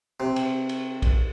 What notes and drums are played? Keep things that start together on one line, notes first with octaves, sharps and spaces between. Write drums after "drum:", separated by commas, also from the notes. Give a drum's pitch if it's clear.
C3
drum: cymbal
drum: cymbal
drum: kick A#1, cymbal